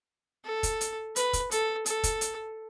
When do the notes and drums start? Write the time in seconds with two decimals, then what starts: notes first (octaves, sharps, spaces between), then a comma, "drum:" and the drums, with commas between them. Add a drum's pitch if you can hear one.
0.45 A4
0.63 drum: kick, hi-hat
0.81 drum: hi-hat
1.16 B4, drum: hi-hat
1.33 drum: kick, hi-hat
1.51 A4, drum: hi-hat
1.86 A4, drum: hi-hat
2.04 drum: kick, hi-hat
2.21 drum: hi-hat